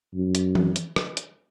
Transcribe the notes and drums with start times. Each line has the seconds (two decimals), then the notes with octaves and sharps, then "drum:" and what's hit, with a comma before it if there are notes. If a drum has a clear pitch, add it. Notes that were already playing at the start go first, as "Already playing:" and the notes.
0.14 F#2
0.35 drum: hi-hat
0.55 drum: tom E3
0.76 drum: hi-hat
0.96 drum: rim click
1.17 drum: hi-hat